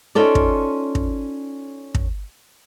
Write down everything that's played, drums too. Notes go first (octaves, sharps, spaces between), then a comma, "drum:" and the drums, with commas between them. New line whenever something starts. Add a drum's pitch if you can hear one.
C#4 D#4 F4 A4 D5
drum: kick
drum: kick
drum: kick